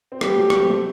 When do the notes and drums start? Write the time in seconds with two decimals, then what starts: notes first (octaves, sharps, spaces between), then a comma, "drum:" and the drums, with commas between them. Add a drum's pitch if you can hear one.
0.12 C4
0.21 G3 B3 G4, drum: rim click
0.36 F#3 A3
0.50 G3 B3, drum: rim click
0.59 A3 C4
0.70 A3 C4